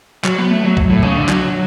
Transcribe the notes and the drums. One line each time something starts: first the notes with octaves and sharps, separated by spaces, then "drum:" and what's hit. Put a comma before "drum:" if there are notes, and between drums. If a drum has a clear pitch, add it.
F#3, drum: clap
B3
A3
F#3
drum: kick
A2
C#3, drum: tom A#2
D3
F#3, drum: clap